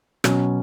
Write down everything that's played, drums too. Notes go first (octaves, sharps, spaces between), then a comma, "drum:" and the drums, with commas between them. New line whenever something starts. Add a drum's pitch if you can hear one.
B2 F#3 C#4, drum: rim click